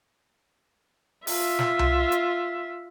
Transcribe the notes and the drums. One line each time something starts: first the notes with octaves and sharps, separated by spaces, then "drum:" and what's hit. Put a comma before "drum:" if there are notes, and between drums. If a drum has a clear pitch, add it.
F4 E5, drum: open hi-hat
drum: snare
drum: tom C2
drum: hi-hat